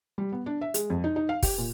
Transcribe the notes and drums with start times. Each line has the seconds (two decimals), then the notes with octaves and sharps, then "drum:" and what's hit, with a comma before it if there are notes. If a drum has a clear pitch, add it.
0.18 G3
0.32 B3
0.46 D4
0.61 E5
0.74 G#3, drum: hi-hat
0.90 F2
1.04 D#4
1.16 D#4
1.29 F5
1.43 G4, drum: kick, open hi-hat
1.58 A#2